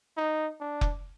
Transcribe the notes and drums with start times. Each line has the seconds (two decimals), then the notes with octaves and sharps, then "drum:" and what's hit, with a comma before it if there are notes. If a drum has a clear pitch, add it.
0.17 D#4
0.60 D4
0.81 drum: kick F1